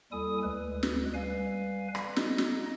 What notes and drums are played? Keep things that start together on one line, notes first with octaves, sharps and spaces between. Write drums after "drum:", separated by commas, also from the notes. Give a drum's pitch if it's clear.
D#2 G3 E4 A4 G#5 D#6
D2 G#3 B4
drum: snare
G3 B4 F5 G#5
drum: rim click
D#4 D#5, drum: snare
drum: snare